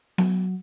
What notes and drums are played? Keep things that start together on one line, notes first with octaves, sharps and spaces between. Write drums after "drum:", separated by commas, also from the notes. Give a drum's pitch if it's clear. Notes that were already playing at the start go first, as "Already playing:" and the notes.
F#3, drum: snare B3